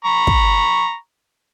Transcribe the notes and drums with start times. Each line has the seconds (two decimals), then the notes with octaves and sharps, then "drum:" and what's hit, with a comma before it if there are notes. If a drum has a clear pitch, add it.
0.05 A#5 B5 C#6
0.27 drum: kick